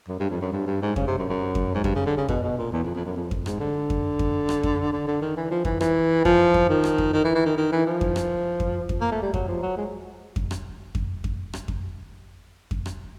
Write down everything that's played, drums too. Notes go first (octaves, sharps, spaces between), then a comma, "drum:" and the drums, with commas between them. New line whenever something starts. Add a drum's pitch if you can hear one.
F#2
G2
F2
F#2
G2
G2
G#2
C#3, drum: kick F2
C3
F#2
F#2
drum: kick F2
G#2
G2, drum: kick F2
C#3
D3
C#3
B2, drum: kick F2
B2
A#2
E2
F2
F2
F#2
F2
drum: kick F2
G#2, drum: rim click
D3
drum: kick F2
drum: kick F2
drum: rim click
drum: kick F2
D3
D3
D#3
E3
F3
E3, drum: kick F2
E3, drum: rim click
F3, drum: kick F2
drum: kick F2
D#3
drum: rim click
drum: kick F2
D#3
E3
E3
D#3
D#3
E3
F3
drum: kick F2
drum: rim click
drum: kick F2
drum: kick F2
A#3
A3
G3
F#3, drum: kick F2
F3
F#3
G#3
drum: kick F2
drum: rim click
drum: kick F2
drum: kick F2
drum: rim click
drum: kick F2
drum: kick F2
drum: rim click